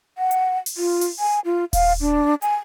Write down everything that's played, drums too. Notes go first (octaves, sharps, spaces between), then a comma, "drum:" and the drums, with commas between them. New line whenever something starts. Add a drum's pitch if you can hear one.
F#5
drum: hi-hat
drum: open hi-hat
F4
drum: open hi-hat
G#5
F4
F5, drum: kick D#1, open hi-hat
D4
G#5, drum: hi-hat